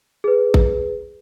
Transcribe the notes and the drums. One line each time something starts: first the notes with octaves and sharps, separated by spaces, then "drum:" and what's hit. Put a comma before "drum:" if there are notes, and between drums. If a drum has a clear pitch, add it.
G#4 B4
drum: kick A1